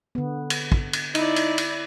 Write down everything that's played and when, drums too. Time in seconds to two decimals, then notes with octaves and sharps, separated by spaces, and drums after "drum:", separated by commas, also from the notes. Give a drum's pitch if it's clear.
0.15 D3 B3
0.50 drum: cymbal
0.72 drum: kick
0.93 drum: cymbal
1.15 D#4 E4 D5, drum: cymbal
1.36 drum: cymbal
1.58 drum: cymbal